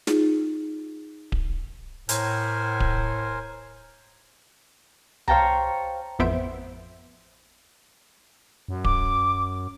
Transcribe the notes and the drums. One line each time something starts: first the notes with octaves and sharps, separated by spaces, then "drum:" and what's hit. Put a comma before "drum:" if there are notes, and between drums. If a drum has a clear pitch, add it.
D#4 F4 G#4, drum: snare
drum: kick D1
A2 A#4 C5 G#5, drum: hi-hat
drum: kick D1
C5 C#5 F5 G5 A5 A#5, drum: tom C2
A1 F2 B3 C5 E5 D7
F#2
D6, drum: kick D1